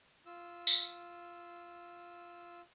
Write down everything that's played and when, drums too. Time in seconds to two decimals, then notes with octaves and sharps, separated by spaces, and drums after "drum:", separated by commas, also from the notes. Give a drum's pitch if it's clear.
0.26 F4 E6
0.67 drum: tambourine